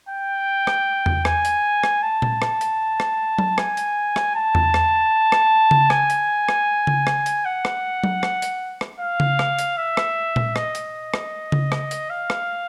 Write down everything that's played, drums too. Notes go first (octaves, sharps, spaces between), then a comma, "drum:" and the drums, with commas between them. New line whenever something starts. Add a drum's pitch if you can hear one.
G5
drum: rim click
drum: tom E2
G#5, drum: rim click
drum: hi-hat
drum: rim click
A5
drum: tom A#2
drum: rim click
drum: hi-hat
drum: rim click
drum: tom F#3
G#5, drum: rim click
drum: hi-hat
drum: rim click
A5
drum: tom E2
drum: rim click
drum: rim click
drum: tom C#3
G#5, drum: rim click
drum: hi-hat
drum: rim click
drum: tom C#3
drum: rim click
drum: hi-hat
F#5
drum: rim click
drum: tom F#3
drum: rim click
drum: hi-hat
drum: rim click
F5
drum: tom C#3
drum: rim click
drum: hi-hat
E5
drum: rim click
drum: tom A#2
D#5, drum: rim click
drum: hi-hat
drum: rim click
drum: tom C#3
drum: rim click
drum: hi-hat
F5
drum: rim click